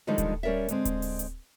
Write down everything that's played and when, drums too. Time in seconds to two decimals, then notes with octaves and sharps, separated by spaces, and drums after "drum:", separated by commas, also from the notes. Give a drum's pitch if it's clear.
0.07 D3 D#3 F3 G3 G#3 D#4
0.18 drum: kick D1, hi-hat
0.43 G3 C#4 A#4 D5 E5
0.68 D3 G#3 C4, drum: hi-hat
0.85 drum: kick D1, hi-hat
1.02 drum: open hi-hat
1.19 drum: hi-hat